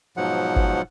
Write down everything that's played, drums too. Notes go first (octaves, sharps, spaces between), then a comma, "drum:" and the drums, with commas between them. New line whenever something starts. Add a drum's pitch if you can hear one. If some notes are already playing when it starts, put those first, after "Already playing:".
G#2 B2 F3 F#3 F#5
drum: kick G1